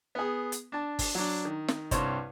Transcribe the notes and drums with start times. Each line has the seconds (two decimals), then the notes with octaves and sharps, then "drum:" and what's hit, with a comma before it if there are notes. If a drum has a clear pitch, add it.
0.15 B3 G#4
0.52 drum: hi-hat
0.72 D4 A5
0.99 drum: kick G1, open hi-hat
1.15 F#3 D4
1.45 D#3
1.68 drum: snare
1.91 C2 G2 C5 C#5, drum: kick G1, hi-hat